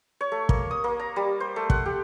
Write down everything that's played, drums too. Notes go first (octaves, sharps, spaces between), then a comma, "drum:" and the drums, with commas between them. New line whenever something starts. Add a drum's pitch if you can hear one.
C#5
A3
A#3, drum: kick
D#6
A#3
A#5
G3
C5
A3
F#5, drum: kick
G4